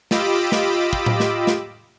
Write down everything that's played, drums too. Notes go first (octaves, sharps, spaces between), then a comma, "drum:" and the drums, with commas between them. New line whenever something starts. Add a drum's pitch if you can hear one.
F4 G4 D#5 B5 D6 E6, drum: snare
drum: snare
drum: kick
drum: tom A2
drum: snare
drum: snare